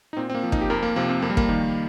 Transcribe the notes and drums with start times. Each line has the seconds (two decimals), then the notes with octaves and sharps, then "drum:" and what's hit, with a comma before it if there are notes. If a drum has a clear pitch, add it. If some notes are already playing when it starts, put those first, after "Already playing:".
0.13 D#4
0.17 A#2 C4
0.30 C4
0.35 A#3
0.43 F3
0.52 D#4, drum: kick
0.61 G4
0.70 F2 A#4
0.83 A#3
0.96 C3 F3 A#3
1.09 C4
1.22 F2 A#3
1.30 G3
1.37 A#3, drum: kick
1.49 D#3